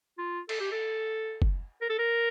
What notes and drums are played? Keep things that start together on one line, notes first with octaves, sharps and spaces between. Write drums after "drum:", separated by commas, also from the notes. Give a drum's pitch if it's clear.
F4
A4, drum: cymbal
G4
A4
drum: kick
A#4
A4
A#4